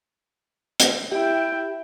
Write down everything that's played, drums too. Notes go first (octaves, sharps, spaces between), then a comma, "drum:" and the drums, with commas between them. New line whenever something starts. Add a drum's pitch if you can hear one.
drum: hi-hat
E4 G4 G5